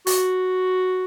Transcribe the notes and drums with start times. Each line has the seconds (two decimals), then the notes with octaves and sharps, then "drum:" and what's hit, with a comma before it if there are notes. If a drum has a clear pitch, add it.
0.07 F#4, drum: open hi-hat